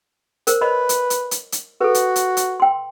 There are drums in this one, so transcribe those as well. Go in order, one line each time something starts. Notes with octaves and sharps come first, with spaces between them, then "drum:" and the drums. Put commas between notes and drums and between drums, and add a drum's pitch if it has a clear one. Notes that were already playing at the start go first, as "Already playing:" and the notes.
A#4 C5, drum: hi-hat
B4 C#5 D#5 B5
drum: hi-hat
drum: hi-hat
drum: hi-hat
drum: hi-hat
F#4 A4 B4
drum: hi-hat
drum: hi-hat
drum: hi-hat
G5 C6